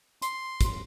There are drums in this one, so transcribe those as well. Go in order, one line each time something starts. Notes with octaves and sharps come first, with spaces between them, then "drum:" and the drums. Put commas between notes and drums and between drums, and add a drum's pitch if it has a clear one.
C6, drum: hi-hat
drum: kick, hi-hat